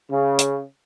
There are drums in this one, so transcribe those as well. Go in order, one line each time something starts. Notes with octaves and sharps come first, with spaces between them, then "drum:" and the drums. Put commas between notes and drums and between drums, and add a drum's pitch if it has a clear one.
C#3
drum: hi-hat